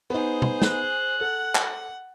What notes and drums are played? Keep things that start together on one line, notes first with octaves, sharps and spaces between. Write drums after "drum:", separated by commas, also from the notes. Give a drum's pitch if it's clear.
B3 D#4 G#4 C5
drum: tom B2
F#6, drum: snare
A4 F#5
drum: clap